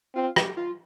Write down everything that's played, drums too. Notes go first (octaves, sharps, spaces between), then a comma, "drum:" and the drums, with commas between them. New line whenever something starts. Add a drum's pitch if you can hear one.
C4 F4
G4, drum: rim click
F4